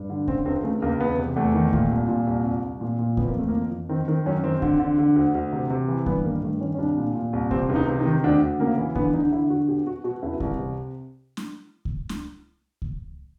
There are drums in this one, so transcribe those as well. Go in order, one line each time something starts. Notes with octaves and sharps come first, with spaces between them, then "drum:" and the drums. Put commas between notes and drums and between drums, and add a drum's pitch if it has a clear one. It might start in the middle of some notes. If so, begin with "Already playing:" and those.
Already playing: G2
D3
C#3 C4, drum: kick C#2
C#2 C4
C#3 A3
C#2 A#3
E2 B3
C3
E2 A3
D#3
A#2, drum: kick C#2
C2
A#2
C2
C2
C2
A#2
A#2
F2 B3, drum: kick C#2
A#3
F2 A3
F2 A#3
F2
D#3 C4
D#3 C4
F#2 C#4
D#3 C4
D3, drum: kick C#2
D3
D3
D2
D2
C3
C3
E3
G2 B3, drum: kick C#2
D#3 A#3
G2 A3
D#3 C#4
C#4
C2 D4
A#2
A#2
C2
C3 C4, drum: kick C#2
C#2
D#4
C3
D#4
D#3
D2 D4
D2
C#3 A#3
E3
D3 B3, drum: kick C#2
D3 D#4
D3 E4
D3 F#4
B2 G4
B2 F#4
B2 F#4
C#2 E4
C2, drum: kick C#2
C3
drum: snare
drum: kick C#2
drum: snare
drum: kick C#2